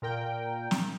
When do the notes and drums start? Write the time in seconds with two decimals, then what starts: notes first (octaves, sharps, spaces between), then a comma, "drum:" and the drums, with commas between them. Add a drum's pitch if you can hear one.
0.02 A#2 A#4 G5
0.71 drum: snare